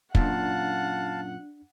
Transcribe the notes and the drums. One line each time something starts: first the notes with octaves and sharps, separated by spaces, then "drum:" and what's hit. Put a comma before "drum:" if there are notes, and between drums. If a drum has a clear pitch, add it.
F#2 A#2 D4 F5 F#5 A5, drum: kick